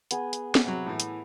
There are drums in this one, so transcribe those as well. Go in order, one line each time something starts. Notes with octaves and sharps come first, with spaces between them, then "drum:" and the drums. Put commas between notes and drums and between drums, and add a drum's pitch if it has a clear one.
B3 G#4, drum: hi-hat
drum: hi-hat
drum: snare
C3 F#3
A2 E3
drum: hi-hat